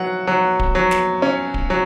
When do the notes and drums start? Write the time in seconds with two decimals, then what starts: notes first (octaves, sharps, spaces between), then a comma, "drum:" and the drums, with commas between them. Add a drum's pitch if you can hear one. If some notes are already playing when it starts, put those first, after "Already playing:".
Already playing: F#3 F#5
0.27 F#3
0.59 drum: kick D1
0.75 F#3
0.91 drum: snare
1.22 C#4
1.54 drum: kick D1
1.70 F#3